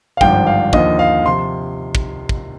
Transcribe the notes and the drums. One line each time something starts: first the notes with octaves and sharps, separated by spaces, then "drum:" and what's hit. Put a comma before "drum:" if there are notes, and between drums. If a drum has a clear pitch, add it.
F5
G#1 G2 D3 F3 G5, drum: kick
F5
D#2 D3 F3 D#5, drum: kick
F5
C3 F3 C6
drum: kick
drum: kick